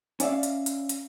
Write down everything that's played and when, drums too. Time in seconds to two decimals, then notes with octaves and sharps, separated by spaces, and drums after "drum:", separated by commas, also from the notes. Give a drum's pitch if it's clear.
0.20 C#4 D5 E5 F5, drum: hi-hat
0.43 drum: hi-hat
0.66 drum: hi-hat
0.89 drum: hi-hat